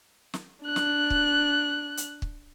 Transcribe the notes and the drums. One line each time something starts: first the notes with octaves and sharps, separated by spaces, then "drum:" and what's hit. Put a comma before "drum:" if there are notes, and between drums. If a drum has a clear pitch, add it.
drum: snare
D4 F#6
drum: snare
drum: kick
drum: hi-hat
drum: kick